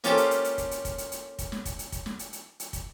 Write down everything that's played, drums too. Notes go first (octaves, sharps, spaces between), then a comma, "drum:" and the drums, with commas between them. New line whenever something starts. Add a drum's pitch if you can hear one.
A#3 C#4 F4 G4 A4 C5, drum: hi-hat
drum: hi-hat
drum: hi-hat
drum: hi-hat
drum: kick, hi-hat
drum: hi-hat
drum: kick, hi-hat
drum: hi-hat
drum: hi-hat
drum: kick, hi-hat
drum: snare
drum: kick, hi-hat
drum: hi-hat
drum: kick, hi-hat
drum: snare
drum: hi-hat
drum: hi-hat
drum: hi-hat
drum: kick, hi-hat